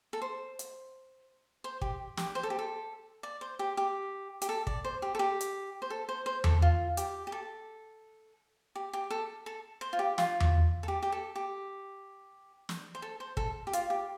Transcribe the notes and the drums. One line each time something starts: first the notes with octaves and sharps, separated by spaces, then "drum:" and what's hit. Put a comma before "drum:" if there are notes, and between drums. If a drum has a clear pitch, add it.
A4
C5
drum: hi-hat
C5
G4, drum: kick
G4, drum: snare
C5
A4
G4
A4
D5
C5
G4
G4
G4, drum: hi-hat
A4
D5, drum: kick
C5
G4
A4
G4
drum: hi-hat
C5
A4
C5
C5
A4, drum: tom E2
F4
G4, drum: hi-hat
G4
A4
G4
G4
A4
A4
C5
F4
G4
F4, drum: snare
drum: tom E2
A4
G4
G4
A4
G4
drum: snare
C5
A4
C5
A4, drum: kick
G4
F4, drum: hi-hat
G4